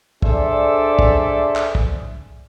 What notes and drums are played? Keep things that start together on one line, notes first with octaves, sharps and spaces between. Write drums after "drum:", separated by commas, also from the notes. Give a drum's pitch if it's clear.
D4 G#4 A4 C5 D5 E5, drum: kick
drum: kick
drum: clap
drum: kick